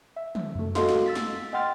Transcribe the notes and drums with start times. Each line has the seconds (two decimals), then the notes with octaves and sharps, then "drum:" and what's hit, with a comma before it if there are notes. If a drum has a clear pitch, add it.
0.16 E5
0.35 drum: tom
0.55 F#2 A3
0.75 F#4 A4 D#5 F5 C6, drum: snare
0.89 drum: snare
1.06 E6 A6 B6
1.15 drum: snare
1.53 D#5 F#5 G5 C6 F6 A6